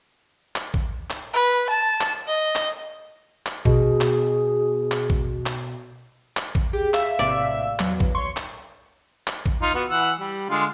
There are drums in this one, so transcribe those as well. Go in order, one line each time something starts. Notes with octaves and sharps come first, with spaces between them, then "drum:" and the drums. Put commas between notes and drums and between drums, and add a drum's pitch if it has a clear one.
drum: clap
drum: kick A1
drum: clap
B4
A5
drum: clap
D#5
drum: clap
drum: clap
B2 G#4, drum: kick A1
drum: clap
drum: clap
drum: kick A1
drum: clap
drum: clap
drum: kick A1
G4 G#4
E5 F5, drum: clap
A#1 A2 C3 D5
E2 F#3 B4, drum: clap
drum: kick A1
C#5 C6 C#6
drum: clap
drum: clap
drum: kick A1
D#4 F4
B3 F#4
E3 F#5 E6
G3
D3 G#3 F4